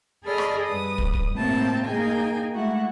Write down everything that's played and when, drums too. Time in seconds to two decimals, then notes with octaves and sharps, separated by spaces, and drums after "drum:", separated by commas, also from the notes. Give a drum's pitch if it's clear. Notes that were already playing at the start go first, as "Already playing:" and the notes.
0.23 G#4 A4 D5 D#5 B5 F6
0.38 drum: rim click
0.65 G2 B4 D#6
0.98 drum: kick
1.13 drum: kick
1.34 A2 C3 A#3 C4 G5 A5
1.84 A#3 D#4 G#4 G5 G#5
2.54 G#3 A3 E4 F#4 F#5